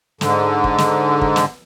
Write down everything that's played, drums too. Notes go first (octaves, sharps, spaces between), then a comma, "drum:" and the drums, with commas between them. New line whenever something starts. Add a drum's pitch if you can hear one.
G#2 D3, drum: snare
drum: kick
drum: snare
drum: kick
drum: snare